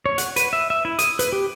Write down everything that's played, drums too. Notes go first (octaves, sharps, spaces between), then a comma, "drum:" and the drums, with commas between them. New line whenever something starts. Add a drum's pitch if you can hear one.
C#5
F#5, drum: hi-hat
B4, drum: hi-hat
E5
E5
E4
D#6, drum: hi-hat
B4, drum: hi-hat
G4